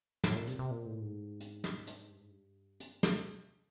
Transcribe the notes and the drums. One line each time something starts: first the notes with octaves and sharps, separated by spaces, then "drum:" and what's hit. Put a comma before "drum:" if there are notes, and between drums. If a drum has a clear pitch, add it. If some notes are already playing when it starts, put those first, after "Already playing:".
A2, drum: snare
A#2
C3, drum: hi-hat
C3
A#2
A2
G#2
drum: hi-hat
drum: snare
drum: hi-hat
G2
G#2
G2
drum: hi-hat
F#2, drum: snare